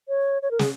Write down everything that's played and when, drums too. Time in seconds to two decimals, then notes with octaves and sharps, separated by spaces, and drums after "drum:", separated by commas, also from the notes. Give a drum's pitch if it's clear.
0.08 C#5
0.42 C#5
0.51 A#4
0.59 G#4, drum: snare